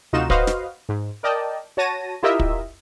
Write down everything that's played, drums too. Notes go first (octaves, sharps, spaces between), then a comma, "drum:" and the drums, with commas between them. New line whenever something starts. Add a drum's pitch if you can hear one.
D2 C3 D#4 F4 F#4 E7
F#4 B4 C5 D#5 F5, drum: kick
drum: snare
G#2
A#4 D5 D#5 G5 A5
F#4 C#5 A5 A#6 D#7
E4 F4 G4 A#4 D#5 E5
drum: kick